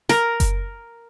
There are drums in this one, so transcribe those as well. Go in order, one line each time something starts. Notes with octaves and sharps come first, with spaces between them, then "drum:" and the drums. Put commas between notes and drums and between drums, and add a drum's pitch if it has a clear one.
A#4, drum: snare
drum: kick F#1, hi-hat